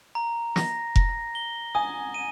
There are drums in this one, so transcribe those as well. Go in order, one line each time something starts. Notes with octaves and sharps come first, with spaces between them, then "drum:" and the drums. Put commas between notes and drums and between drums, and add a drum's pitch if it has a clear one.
A#5
A#6, drum: snare
A#6, drum: kick F1
G7
G#5 D#6
D#7